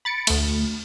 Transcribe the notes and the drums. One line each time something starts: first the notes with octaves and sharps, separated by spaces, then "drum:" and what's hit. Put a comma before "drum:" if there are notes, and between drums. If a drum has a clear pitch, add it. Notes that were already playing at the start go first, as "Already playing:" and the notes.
B5 A6 C#7 D7
D2 A3, drum: cymbal